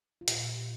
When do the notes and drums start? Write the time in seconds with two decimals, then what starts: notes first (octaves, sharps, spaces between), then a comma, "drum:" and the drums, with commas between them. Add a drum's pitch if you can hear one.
0.21 F4
0.28 A#2 G4, drum: hi-hat